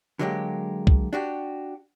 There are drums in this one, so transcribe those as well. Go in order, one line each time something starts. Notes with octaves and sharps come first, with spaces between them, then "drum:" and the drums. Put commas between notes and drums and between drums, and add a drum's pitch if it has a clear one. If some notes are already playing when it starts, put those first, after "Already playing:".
D3 F#3 G#3 A#3 G4
drum: kick
D4 F#4 G4